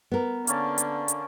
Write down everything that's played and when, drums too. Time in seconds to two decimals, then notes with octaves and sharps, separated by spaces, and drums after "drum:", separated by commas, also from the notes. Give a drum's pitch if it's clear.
0.11 B3 A#4
0.47 D3 A#3 C#4 A5, drum: hi-hat
0.78 drum: hi-hat
1.08 drum: hi-hat